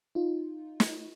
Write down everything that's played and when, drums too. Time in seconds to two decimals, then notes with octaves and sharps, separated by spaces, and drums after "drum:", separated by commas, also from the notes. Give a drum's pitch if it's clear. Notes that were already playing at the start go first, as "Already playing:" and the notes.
0.15 D#4 F4
0.80 drum: snare